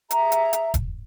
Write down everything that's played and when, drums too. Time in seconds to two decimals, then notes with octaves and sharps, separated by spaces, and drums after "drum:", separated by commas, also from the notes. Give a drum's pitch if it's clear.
0.11 G#4 E5 A#5, drum: hi-hat
0.32 drum: hi-hat
0.53 drum: hi-hat
0.74 drum: kick E1, hi-hat